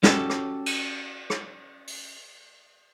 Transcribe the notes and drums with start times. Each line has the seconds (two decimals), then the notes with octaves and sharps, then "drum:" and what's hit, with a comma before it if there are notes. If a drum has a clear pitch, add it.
0.03 C#4 F#4 G4 A4, drum: snare
0.30 drum: rim click
0.66 drum: cymbal
1.30 drum: rim click
1.87 drum: open hi-hat